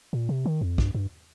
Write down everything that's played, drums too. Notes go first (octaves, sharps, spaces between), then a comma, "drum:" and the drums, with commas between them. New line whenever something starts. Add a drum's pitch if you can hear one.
A#2
C3
D#3
F2
G2, drum: kick
G2